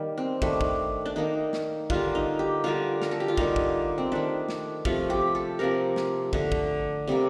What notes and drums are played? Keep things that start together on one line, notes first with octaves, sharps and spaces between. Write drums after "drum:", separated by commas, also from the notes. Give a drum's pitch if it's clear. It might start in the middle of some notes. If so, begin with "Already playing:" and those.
Already playing: D#3 G3 A#3
C4
D#3 A3 D4, drum: kick
drum: kick
D4
D#3 A#3 D#4
drum: snare
D3 G3 A#3 F4, drum: kick
D#4
G4
D3 G3 A#3 F4
A#4, drum: snare
A4
G4
F4
D3 G3 A#3 D#4, drum: kick
drum: kick
C4
D#3 A3 D4
drum: snare
C3 F3 A3 F4, drum: kick
G4
A4
C3 F3 A#3 A#4
drum: snare
D3 A3, drum: kick
drum: kick
C3 G3 A#3